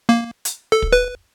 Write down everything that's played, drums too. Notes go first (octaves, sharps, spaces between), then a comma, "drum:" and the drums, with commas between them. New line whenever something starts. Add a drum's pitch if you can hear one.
A#3
drum: hi-hat
A4
drum: kick
B4